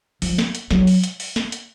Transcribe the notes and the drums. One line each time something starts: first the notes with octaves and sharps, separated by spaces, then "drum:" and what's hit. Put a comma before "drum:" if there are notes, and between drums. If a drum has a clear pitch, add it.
F3, drum: open hi-hat
drum: snare
drum: hi-hat
F#3, drum: snare
drum: open hi-hat
drum: hi-hat
drum: open hi-hat
drum: snare
drum: hi-hat